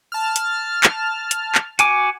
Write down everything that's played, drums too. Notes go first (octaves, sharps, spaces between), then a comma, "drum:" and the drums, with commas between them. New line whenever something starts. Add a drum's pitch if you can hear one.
A5 F6
drum: hi-hat
drum: clap
drum: hi-hat
drum: clap
F#4 G#5 D6, drum: hi-hat